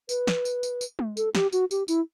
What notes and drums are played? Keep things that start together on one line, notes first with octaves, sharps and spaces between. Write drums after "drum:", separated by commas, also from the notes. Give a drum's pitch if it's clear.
B4, drum: tambourine
drum: snare
drum: tambourine
drum: tambourine
drum: tambourine
drum: tom G#3
A4, drum: tambourine
G4, drum: snare
F#4, drum: tambourine
G4, drum: tambourine
E4, drum: tambourine